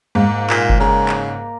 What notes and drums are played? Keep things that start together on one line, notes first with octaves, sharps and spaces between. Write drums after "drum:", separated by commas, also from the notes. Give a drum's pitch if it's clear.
G#2 A#3
A#2, drum: clap
drum: kick F#1
C#3 A#4 D5
drum: clap